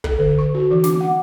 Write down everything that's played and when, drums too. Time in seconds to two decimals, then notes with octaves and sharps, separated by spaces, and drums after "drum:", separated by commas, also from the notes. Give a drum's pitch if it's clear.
0.04 A4, drum: kick
0.18 D3
0.39 C#6
0.55 F#4
0.71 E3
0.84 D6, drum: snare
1.00 F#5